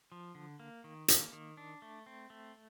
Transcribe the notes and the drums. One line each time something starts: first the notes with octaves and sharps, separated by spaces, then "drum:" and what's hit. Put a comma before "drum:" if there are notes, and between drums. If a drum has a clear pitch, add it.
F3
D3
A#3
D#3
A#3, drum: hi-hat
D#3
D4
A3
C4
A3